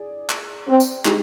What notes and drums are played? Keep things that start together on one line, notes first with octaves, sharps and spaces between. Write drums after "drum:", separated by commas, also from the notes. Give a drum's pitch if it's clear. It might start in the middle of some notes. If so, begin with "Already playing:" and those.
Already playing: G#4 D5
drum: clap
C4
drum: tambourine
G#3 D#4 G4, drum: clap